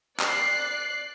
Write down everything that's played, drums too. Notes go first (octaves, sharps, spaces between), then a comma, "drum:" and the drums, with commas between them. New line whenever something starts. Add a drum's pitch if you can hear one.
D5 F#6 C7, drum: clap